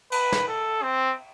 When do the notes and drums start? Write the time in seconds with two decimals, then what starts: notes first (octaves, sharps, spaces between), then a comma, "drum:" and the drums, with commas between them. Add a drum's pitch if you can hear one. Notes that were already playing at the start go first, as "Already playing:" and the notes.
0.12 B4, drum: cymbal
0.32 drum: snare
0.48 A4
0.82 C4